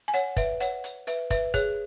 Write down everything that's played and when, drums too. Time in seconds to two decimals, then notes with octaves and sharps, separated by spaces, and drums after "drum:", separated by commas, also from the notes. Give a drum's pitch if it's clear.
0.08 G#5
0.14 C#5 F#5, drum: hi-hat
0.37 B4 E5, drum: kick, hi-hat
0.60 C#5 F#5, drum: hi-hat
0.84 drum: hi-hat
1.07 B4 E5, drum: hi-hat
1.30 B4 E5, drum: kick, hi-hat
1.54 G#4 C#5, drum: kick, hi-hat